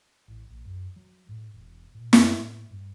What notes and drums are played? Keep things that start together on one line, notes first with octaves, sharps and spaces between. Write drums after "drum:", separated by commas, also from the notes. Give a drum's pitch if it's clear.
A1
A#1
F#2
F#3
A2
E1
A#2
F#2, drum: snare
A2
G2